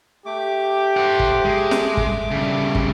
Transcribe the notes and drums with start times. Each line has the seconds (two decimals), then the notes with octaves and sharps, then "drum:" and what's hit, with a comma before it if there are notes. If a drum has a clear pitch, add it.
0.26 A3 G4 D6
0.97 C5 F#5
1.19 drum: kick
1.45 G#3
1.71 drum: snare
1.97 drum: kick
2.31 C#3 G3
2.75 drum: kick